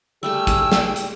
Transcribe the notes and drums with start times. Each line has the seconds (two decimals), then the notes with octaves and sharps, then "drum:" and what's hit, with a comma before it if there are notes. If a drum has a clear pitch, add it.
0.23 G3 A3 G4 G#4 G5 E6
0.47 drum: kick, hi-hat
0.72 drum: snare
0.96 drum: hi-hat